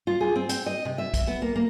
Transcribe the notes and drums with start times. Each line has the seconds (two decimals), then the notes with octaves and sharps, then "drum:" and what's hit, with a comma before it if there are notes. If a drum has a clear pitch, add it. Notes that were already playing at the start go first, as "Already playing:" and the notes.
0.07 F4
0.21 G#4
0.36 C4
0.49 G5, drum: hi-hat
0.66 D#5
0.85 C3
0.98 E5
1.14 drum: kick A#1, hi-hat
1.28 B3
1.42 A#3
1.56 A#3